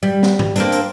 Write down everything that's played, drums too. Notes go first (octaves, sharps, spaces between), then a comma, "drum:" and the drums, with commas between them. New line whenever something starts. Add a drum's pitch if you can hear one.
G3
drum: snare
drum: tom G#2
A#3 C4 D4, drum: hi-hat
drum: hi-hat